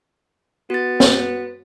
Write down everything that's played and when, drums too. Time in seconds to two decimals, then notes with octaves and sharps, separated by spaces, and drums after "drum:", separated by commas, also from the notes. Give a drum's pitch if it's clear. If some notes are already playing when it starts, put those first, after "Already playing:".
0.70 B3 F#4 A6
1.00 drum: snare